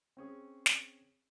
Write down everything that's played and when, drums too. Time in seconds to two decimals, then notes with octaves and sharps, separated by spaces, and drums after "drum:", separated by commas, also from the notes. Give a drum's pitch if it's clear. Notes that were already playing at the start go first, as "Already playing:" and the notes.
0.17 C4 C#4 G#4
0.66 drum: snare